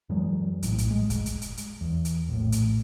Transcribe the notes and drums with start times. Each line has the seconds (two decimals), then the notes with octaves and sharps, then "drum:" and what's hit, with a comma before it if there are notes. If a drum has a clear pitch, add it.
0.09 F#2 E3 F#3 G#3
0.63 A#1 A2, drum: hi-hat
0.78 drum: hi-hat
0.91 G#3
1.10 drum: kick, hi-hat
1.26 drum: hi-hat
1.42 drum: hi-hat
1.57 drum: hi-hat
1.81 E2
2.05 drum: hi-hat
2.29 A#1 A2
2.52 drum: hi-hat